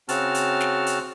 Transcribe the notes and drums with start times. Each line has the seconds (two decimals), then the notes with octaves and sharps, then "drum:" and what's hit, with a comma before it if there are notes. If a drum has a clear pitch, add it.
0.09 C#3 C4 F#4 A5 F6, drum: hi-hat
0.35 drum: hi-hat
0.61 drum: snare
0.87 drum: hi-hat